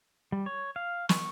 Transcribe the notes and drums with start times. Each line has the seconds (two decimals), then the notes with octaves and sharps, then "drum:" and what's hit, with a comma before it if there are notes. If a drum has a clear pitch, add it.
0.32 G3
0.46 C#5
0.76 F5
1.09 C#6, drum: snare